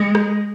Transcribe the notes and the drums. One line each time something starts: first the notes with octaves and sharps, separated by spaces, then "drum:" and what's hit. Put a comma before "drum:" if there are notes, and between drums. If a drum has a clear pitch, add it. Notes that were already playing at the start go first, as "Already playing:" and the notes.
Already playing: G#3
drum: rim click